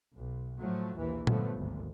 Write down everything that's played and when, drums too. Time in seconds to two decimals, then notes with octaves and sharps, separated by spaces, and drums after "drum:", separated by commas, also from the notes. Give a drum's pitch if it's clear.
0.14 B1
0.58 A2 F3 F#3 A3
0.96 A#1 D#2 A#2 E3
1.27 G2 D3 F3 F#3 A3 B3, drum: tom A#2
1.56 G#1 D2 A#2